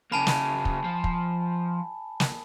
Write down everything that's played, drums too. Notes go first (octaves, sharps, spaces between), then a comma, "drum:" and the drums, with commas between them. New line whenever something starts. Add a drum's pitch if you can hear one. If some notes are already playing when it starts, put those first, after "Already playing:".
C#3 A#3 G#5 A5 B5
drum: snare
drum: kick
F3
drum: kick
drum: snare